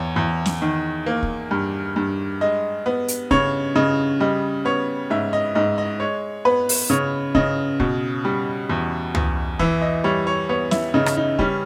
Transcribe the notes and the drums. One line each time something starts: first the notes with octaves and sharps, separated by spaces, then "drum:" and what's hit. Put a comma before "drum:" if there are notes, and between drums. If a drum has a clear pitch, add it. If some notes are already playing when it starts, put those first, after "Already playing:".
Already playing: E2 C#5
E2
drum: snare
D#3
A#3
drum: kick
G2
G2
G#3 D#5
B3
drum: hi-hat
C#3 C#5, drum: kick
C#3 D#5
G3 D#5
B3 C#5
G#2 E5
D#5
G#2 D#5
D#5
G#3 C#5
B3 B4
drum: open hi-hat
C#3 C#5
C#3 D#5, drum: kick
B2, drum: kick
G3
E2
E2, drum: tom
E3 E5, drum: kick
D#5
G3 C#5
C#5
B3 C#5
E4, drum: snare
C#3 D#4
drum: rim click
D#4
G3 C#4, drum: kick